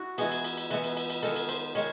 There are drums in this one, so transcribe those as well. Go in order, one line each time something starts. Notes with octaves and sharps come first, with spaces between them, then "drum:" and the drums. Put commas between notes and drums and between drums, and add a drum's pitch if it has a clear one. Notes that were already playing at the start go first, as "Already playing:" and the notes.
Already playing: E4 F#4
E3 G#3 B3 G#4, drum: cymbal
drum: cymbal
drum: cymbal
drum: cymbal
E3 G#3 B3, drum: cymbal
drum: cymbal
drum: cymbal
drum: cymbal
D#3 G#3 B3 A4, drum: cymbal
drum: cymbal
C5, drum: cymbal
D#3 G#3 C#5, drum: cymbal